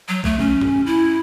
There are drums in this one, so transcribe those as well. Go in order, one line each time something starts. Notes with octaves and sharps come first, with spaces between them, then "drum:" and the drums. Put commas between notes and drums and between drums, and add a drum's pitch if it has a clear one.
F#3
A3, drum: kick B1
C#4, drum: tom
drum: tom G2
E4